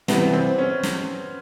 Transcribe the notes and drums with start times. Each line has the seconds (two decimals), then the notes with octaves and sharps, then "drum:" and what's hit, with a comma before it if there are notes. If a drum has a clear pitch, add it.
0.08 C3 E3 G3 B3, drum: snare
0.34 C4
0.58 C#4
0.83 drum: snare